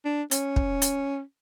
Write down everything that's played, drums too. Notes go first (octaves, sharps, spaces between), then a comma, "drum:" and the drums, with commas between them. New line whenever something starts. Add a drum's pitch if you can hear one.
D4
C#4, drum: hi-hat
drum: kick
drum: hi-hat